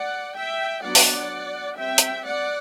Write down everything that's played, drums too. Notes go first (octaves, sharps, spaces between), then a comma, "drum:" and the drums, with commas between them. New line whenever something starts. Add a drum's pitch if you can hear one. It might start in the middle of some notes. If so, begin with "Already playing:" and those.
Already playing: D5 F#5
E5 G5
F#3 B3 D4 D5 F#5
drum: open hi-hat
G3 C4 E5 G5
drum: hi-hat
D5 F#5